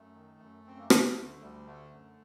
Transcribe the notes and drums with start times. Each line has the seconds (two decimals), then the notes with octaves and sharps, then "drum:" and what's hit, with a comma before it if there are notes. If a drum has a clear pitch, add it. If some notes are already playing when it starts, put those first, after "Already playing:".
Already playing: F#2 A3
0.14 D#3
0.39 F#2
0.65 F#2 C4
0.79 A#3
0.90 D3 A3, drum: rim click
1.15 D2 A3
1.41 D2 G3
1.66 D3 A3
1.91 F#2